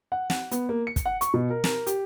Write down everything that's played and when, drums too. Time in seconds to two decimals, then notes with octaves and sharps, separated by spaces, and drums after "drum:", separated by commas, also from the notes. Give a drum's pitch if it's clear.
0.12 F#5
0.30 F#5, drum: snare
0.51 B3, drum: hi-hat
0.69 A#3
0.87 C#7
0.96 drum: kick, hi-hat
1.06 F#5
1.21 C#6, drum: hi-hat
1.34 B2
1.50 A#4
1.64 A#4, drum: snare
1.87 G4, drum: hi-hat